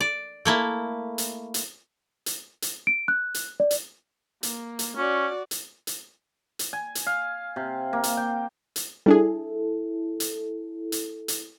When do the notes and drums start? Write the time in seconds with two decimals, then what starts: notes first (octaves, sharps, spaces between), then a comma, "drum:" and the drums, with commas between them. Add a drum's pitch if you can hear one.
0.01 D5
0.45 A3 A#3 E4
1.18 drum: hi-hat
1.54 drum: hi-hat
2.26 drum: hi-hat
2.62 drum: hi-hat
2.87 D7
3.08 F#6
3.34 drum: hi-hat
3.60 D5
3.71 drum: hi-hat
4.43 A#3, drum: hi-hat
4.79 drum: hi-hat
4.97 C#4 F#4 D5
5.51 drum: hi-hat
5.87 drum: hi-hat
6.59 drum: hi-hat
6.73 G#5
6.95 drum: hi-hat
7.07 F5
7.56 C3
7.93 A#3
8.04 drum: hi-hat
8.17 G5
8.76 drum: hi-hat
9.06 G3 D4 E4 G#4 A4
10.20 drum: hi-hat
10.92 drum: hi-hat
11.28 drum: hi-hat